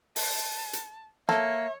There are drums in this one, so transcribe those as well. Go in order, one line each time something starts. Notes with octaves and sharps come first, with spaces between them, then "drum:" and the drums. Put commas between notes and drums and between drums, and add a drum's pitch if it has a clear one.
A5, drum: open hi-hat
drum: hi-hat
A#3 A4 C#5 E5, drum: snare